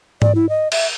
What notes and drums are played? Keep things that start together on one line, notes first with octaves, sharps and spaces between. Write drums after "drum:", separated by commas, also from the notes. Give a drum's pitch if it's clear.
D5, drum: tom G#2
E4
D#5
E5, drum: cymbal